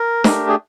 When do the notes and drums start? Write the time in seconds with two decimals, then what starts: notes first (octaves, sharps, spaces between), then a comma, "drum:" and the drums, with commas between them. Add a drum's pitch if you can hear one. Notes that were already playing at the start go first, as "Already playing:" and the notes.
Already playing: A#4
0.24 A3 D4 G4, drum: snare
0.48 G#4